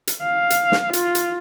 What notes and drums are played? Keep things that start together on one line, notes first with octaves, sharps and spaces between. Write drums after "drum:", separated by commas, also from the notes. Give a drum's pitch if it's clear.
drum: hi-hat
F5
drum: hi-hat
drum: snare
F4, drum: hi-hat
drum: hi-hat